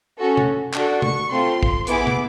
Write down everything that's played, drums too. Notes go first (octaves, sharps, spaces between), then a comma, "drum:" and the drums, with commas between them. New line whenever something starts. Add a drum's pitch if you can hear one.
C#4 F#4 A4
drum: tom
D4 F#4 A4, drum: clap
C#6, drum: tom C3
A3 C4 F4 A4 C6
drum: kick
B3 E4 G#4 D6, drum: hi-hat
drum: tom